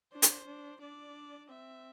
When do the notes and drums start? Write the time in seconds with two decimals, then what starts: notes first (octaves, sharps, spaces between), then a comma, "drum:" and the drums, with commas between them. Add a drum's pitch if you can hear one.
0.13 D4 C5
0.22 drum: hi-hat
0.47 D4
0.81 D4 D5
1.49 C4 E5